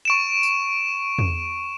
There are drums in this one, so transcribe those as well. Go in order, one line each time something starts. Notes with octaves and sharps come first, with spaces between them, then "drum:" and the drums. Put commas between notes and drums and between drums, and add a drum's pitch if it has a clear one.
C#6 D7 E7
drum: tambourine
drum: tom E2